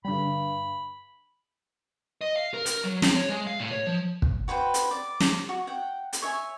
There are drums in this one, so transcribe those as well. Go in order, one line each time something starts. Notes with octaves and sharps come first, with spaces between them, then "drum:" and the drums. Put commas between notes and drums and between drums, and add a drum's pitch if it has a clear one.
G2 D3 G3 B5
D#5
F5
A#4
A#4, drum: hi-hat
F#3
C4, drum: snare
C#5
G#3
F5
A2
C#5
F3
drum: kick
F#4 B4 C5 G5
drum: hi-hat
D5
drum: snare
F#4
F#5 G5
drum: hi-hat
C#5 E5 G#5